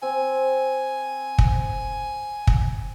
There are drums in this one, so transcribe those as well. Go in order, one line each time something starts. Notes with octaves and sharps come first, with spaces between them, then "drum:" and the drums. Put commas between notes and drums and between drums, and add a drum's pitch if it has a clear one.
C4 G#5
drum: kick
drum: kick